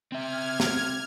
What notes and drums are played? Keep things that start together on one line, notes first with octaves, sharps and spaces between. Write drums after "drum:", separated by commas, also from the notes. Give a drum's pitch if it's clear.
C4 E5 F6 G#6
drum: snare